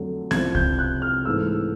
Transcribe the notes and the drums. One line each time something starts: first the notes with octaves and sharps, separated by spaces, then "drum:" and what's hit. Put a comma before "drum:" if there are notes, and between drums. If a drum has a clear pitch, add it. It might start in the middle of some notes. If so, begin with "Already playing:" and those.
Already playing: F2 D3 F#3 A3
C2 C3 F3 G#6, drum: snare B3
G6, drum: kick C2
F#6
F6
G#2 E3 A3 E6